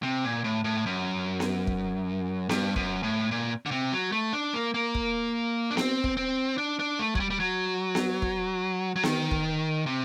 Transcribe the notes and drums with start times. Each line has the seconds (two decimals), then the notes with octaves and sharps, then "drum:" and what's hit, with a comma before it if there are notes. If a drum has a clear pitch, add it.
0.03 C3
0.24 A#2
0.44 A2
0.64 A2
0.86 F#2
1.40 drum: snare B3
1.67 drum: kick
2.49 G2, drum: snare B3
2.76 F#2, drum: kick
3.03 A2
3.31 A#2
3.66 D3
3.71 C3
3.92 F#3
4.12 A3
4.33 D4
4.54 A#3
4.74 A#3
4.95 drum: kick
5.71 D4
5.77 C4, drum: snare B3
6.04 drum: kick
6.17 C4
6.58 D4
6.79 D4
6.99 A3
7.15 F#3, drum: kick
7.20 G3
7.30 G3
7.40 F#3
7.95 drum: snare B3
8.22 drum: kick
8.96 F#3
9.03 D#3, drum: snare B3
9.31 drum: kick
9.86 C3